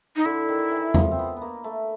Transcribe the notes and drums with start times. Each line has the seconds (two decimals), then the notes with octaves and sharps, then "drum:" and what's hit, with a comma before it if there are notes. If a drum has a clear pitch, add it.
0.16 D#4
0.25 D3 E4
0.49 D#3
0.72 E3
0.94 F3, drum: tom E2
1.11 C4
1.19 B3
1.37 A#3 B3
1.64 A3